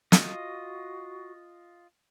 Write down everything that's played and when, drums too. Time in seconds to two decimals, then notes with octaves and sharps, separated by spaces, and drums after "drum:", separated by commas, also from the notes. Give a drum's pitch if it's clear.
0.12 F4 F#4 D#5, drum: snare